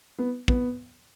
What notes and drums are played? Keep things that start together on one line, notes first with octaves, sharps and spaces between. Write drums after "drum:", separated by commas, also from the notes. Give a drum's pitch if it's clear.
B3
B3, drum: kick